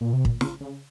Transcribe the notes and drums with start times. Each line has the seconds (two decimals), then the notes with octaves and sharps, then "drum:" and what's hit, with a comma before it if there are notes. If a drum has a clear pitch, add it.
0.01 A#2
0.13 C3
0.25 A#2, drum: kick
0.41 C#3, drum: snare
0.61 C#3